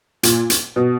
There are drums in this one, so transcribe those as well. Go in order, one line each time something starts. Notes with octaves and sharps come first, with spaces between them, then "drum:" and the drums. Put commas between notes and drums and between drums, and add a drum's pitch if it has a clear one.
A#2, drum: hi-hat
drum: hi-hat
B2